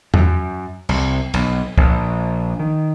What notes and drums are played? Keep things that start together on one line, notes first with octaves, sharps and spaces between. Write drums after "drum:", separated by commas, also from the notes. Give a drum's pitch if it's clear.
F#2, drum: tom E2
C2, drum: cymbal
B1, drum: cymbal
A#1, drum: kick
D#3